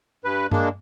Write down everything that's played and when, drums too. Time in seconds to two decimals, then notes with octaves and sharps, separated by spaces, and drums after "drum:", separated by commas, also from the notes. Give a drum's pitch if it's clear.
0.24 G2 B4
0.51 G#3 A#3 D4, drum: tom G2